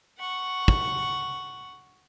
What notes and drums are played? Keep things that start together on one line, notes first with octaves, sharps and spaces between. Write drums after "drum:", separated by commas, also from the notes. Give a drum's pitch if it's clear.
F#5 C#6
drum: kick